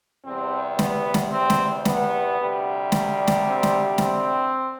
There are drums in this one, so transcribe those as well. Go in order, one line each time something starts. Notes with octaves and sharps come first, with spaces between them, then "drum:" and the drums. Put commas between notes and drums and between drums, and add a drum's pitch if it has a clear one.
E2 C3 G3 C4
B3, drum: snare
drum: snare
C4
drum: snare
B3, drum: snare
D2 C3 G3
drum: snare
drum: snare
C4
drum: snare
C4, drum: snare